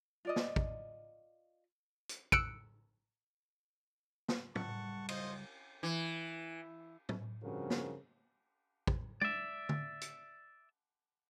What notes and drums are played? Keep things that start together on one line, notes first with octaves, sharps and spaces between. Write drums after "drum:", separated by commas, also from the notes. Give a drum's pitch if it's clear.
F4 D5 D#5
drum: snare
drum: kick
drum: hi-hat
E6 F#6 C#7 D7, drum: kick
drum: snare
F#1 C#2 G3 F#5 A5 C#6, drum: tom
C#3 F4 C5 D#5, drum: cymbal
E3
drum: tom
G2 C#3 F3 C4 F#4 A#4
drum: snare
drum: kick
D5 E5, drum: tom
drum: tom D3
drum: hi-hat